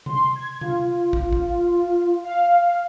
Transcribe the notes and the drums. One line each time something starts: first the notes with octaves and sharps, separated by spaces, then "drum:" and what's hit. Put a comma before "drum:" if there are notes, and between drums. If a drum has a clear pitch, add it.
C6, drum: tom C3
G#6
F4, drum: tom C3
drum: kick
drum: kick
F5